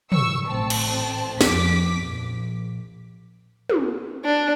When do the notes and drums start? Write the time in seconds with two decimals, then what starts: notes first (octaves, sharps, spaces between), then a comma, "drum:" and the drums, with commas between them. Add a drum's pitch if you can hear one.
0.12 C#6 E6, drum: tom
0.48 A1 C4 A5
0.70 drum: cymbal
1.41 F2 D6 B6, drum: snare
2.02 A#1
3.70 drum: tom
4.24 D4